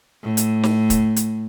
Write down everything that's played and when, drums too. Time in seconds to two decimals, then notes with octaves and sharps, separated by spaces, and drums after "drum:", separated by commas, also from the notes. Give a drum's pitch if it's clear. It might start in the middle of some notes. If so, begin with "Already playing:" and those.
0.24 A2
0.37 drum: hi-hat
0.63 drum: snare
0.90 drum: kick, hi-hat
1.16 drum: hi-hat